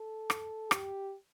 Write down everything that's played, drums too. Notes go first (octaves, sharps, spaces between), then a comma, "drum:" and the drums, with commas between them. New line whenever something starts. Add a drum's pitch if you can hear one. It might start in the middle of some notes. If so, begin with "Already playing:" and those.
Already playing: A4
drum: rim click
G4, drum: rim click